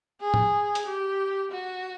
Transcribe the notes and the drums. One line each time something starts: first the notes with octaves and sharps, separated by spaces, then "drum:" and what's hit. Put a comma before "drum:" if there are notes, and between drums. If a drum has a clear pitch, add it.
G#4
drum: tom A2
drum: hi-hat
G4
F#4